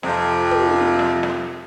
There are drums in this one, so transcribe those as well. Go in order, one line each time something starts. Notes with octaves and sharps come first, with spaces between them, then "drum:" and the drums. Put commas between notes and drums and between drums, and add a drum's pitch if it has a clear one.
F2 C3, drum: snare
drum: tom
drum: snare
drum: snare